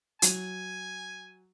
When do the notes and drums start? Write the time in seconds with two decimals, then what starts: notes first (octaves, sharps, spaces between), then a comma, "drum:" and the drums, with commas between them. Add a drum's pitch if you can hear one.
0.22 F#3 G#5, drum: hi-hat